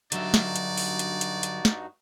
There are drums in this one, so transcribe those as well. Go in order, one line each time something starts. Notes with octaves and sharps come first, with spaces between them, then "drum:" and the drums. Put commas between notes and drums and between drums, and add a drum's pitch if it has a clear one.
G2 D3 F#3 D#4 F#4 D5 E5, drum: hi-hat
drum: snare
drum: hi-hat
drum: open hi-hat
drum: hi-hat
drum: hi-hat
drum: hi-hat
drum: snare